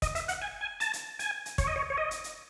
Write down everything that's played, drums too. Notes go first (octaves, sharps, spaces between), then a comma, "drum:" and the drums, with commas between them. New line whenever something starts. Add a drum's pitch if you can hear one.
D#5, drum: kick, hi-hat
E5, drum: hi-hat
F#5, drum: hi-hat
G#5
G#5
A5, drum: hi-hat
drum: hi-hat
G#5, drum: hi-hat
drum: hi-hat
C#5, drum: kick, hi-hat
D#5
C#5
C#5
D#5
drum: hi-hat
drum: hi-hat